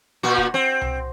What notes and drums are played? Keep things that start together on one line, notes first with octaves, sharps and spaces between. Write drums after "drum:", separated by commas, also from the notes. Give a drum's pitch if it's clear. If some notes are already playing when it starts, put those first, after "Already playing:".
A#2 F#4
drum: kick
C4
drum: tom C2